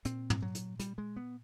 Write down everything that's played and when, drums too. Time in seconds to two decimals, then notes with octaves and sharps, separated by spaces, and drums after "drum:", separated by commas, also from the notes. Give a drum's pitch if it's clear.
0.05 A#2 C4, drum: hi-hat
0.30 drum: tom
0.42 F#3
0.55 drum: hi-hat
0.79 G3, drum: hi-hat
0.98 G#3
1.16 B3